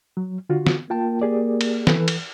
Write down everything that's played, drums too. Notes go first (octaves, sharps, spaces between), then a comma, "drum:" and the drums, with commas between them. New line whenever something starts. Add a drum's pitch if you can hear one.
F#3
D3 F4 F#4
drum: snare
A#3 F4 G5 A5
G4 G#4 D5
drum: cymbal
E3 A4 B4, drum: snare
drum: cymbal